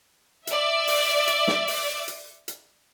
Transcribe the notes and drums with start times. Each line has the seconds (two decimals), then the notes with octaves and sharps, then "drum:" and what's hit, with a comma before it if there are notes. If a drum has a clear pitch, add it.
0.47 D5 E5, drum: hi-hat
0.87 drum: open hi-hat
1.27 drum: hi-hat
1.48 drum: snare
1.68 drum: open hi-hat
2.08 drum: hi-hat
2.48 drum: hi-hat